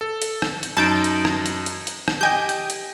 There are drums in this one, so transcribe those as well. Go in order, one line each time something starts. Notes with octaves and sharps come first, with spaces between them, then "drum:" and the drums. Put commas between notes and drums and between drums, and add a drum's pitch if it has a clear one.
A4
drum: hi-hat
drum: rim click
drum: hi-hat
F#2 D#4 A5 G6 D7
drum: hi-hat
drum: rim click
drum: hi-hat
drum: hi-hat
drum: hi-hat
drum: rim click
G4 D#5 G5 G#5 G6
drum: hi-hat
drum: hi-hat